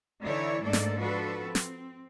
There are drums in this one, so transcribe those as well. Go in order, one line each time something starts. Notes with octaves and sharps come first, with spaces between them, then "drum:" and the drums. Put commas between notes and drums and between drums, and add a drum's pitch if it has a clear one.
D3 E3 D#4 E4 C#5 D5
G#2 A3 A#3 D4 A4 D5
drum: snare
F3 D4 F#4 A4 B4
C4
drum: snare